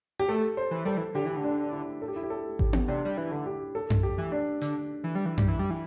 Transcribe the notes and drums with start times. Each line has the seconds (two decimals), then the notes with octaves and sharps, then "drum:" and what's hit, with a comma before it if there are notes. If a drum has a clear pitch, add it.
0.20 G4
0.29 A3 A4
0.57 C5
0.71 E3
0.85 G3 A4
0.97 E3
1.14 D3 G4
1.26 E3
1.36 D3
1.44 D4
1.72 E4
2.02 A4
2.08 G4
2.16 E4
2.23 G4
2.30 A4
2.59 G4, drum: kick G#1
2.73 drum: tom B3
2.88 C3 D4
3.05 G3
3.17 E3 E4
3.32 D3
3.46 G4
3.75 A4
3.90 drum: tom F#2
4.03 G4
4.18 E3
4.32 D4
4.61 D3, drum: hi-hat
5.04 E3
5.15 G3
5.26 E3
5.38 G3, drum: tom F#2
5.48 E3
5.59 G3
5.70 E3